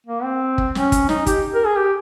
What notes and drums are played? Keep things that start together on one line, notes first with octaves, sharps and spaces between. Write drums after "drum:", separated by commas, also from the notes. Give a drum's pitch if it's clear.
A#3
C4
drum: kick
C#4, drum: snare
drum: kick, hi-hat
D#4, drum: snare
G4, drum: kick, hi-hat
A#4
G#4
G4